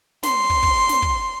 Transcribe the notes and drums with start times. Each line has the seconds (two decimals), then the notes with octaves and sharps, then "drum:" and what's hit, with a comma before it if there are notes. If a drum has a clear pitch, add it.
0.23 C6, drum: snare
0.50 drum: kick
0.63 drum: kick
0.89 drum: snare
1.02 drum: kick